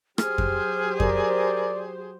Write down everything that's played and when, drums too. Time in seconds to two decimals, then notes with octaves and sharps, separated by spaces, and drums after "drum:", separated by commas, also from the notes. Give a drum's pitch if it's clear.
0.18 F#3 G4 G#4 C5 F6, drum: rim click
0.38 drum: kick F2
1.00 A#4 D5, drum: kick F2